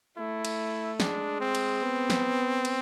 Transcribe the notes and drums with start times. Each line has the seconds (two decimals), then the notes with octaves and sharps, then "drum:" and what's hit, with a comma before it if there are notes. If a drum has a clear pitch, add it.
0.17 A3 E4
0.45 drum: cymbal
1.00 G#3 D4, drum: snare
1.41 C4
1.55 drum: cymbal
1.82 B3
2.10 drum: snare
2.65 drum: cymbal